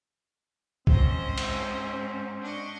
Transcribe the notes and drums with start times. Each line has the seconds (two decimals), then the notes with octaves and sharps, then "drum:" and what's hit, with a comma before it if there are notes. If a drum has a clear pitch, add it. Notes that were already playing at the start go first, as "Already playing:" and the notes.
0.87 G#2 C4 C#4 C5 D#5, drum: kick
1.38 drum: cymbal
2.41 D4 D#5 C#6